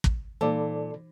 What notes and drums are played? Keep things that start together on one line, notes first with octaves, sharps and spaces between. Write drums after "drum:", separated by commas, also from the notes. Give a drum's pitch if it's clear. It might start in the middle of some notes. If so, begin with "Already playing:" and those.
drum: kick
A#2 E3 D#4 A4 D5